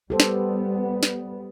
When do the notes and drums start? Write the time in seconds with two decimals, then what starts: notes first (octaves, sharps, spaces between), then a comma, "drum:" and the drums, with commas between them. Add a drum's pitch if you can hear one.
0.10 G3 B3 G4 A4 C5
0.20 drum: snare
1.03 drum: snare